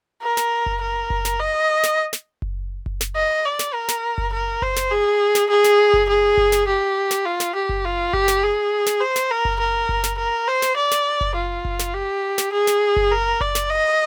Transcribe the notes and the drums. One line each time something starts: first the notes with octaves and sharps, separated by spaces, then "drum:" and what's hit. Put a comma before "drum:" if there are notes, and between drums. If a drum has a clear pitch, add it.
A#4
drum: snare
drum: kick F#1
A#4
drum: kick F#1
drum: snare
D#5
drum: snare
drum: snare
drum: kick F#1
drum: kick F#1
drum: snare
D#5
D5
drum: snare
A#4
drum: snare
drum: kick F#1
A#4
C5, drum: kick F#1
drum: snare
G#4
drum: snare
G#4
drum: snare
drum: kick F#1
G#4
drum: kick F#1
drum: snare
G4
drum: snare
F4
drum: snare
G4
drum: kick F#1
F4
G4, drum: kick F#1
drum: snare
G#4
drum: snare
C5
drum: snare
A#4
drum: kick F#1
A#4
drum: kick F#1
drum: snare
A#4
C5
drum: snare
D5
drum: snare
drum: kick F#1
F4
drum: kick F#1
drum: snare
G4
drum: snare
G#4
drum: snare
drum: kick F#1
A#4
D5, drum: kick F#1
drum: snare
D#5